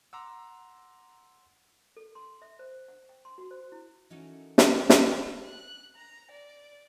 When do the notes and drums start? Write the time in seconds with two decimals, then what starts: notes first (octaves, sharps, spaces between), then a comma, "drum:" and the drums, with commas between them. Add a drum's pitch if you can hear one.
0.13 F#5 A#5 C6 D6 E6
1.97 A4
2.15 C6
2.42 E5
2.59 C5
2.88 F#5
3.09 G5
3.25 C6
3.38 F#4
3.51 C5
3.72 E4
4.10 E3 C#4 D#4 F#4 A4 A#4
4.58 drum: snare
4.90 drum: snare
5.01 D#5
5.43 F#6
5.96 A#5
6.31 D5